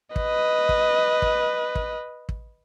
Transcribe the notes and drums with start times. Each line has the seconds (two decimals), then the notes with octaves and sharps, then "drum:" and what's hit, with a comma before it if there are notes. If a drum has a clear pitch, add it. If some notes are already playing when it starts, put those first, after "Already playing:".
0.16 B4 D#5, drum: kick
0.69 drum: kick
1.22 drum: kick
1.75 drum: kick
2.29 drum: kick